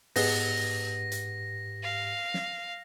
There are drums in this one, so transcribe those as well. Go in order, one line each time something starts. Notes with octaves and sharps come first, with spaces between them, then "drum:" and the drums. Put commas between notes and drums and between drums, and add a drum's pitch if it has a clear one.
G#2 B3 G4 G#4 D#5 A#6, drum: open hi-hat
drum: hi-hat
F5
drum: snare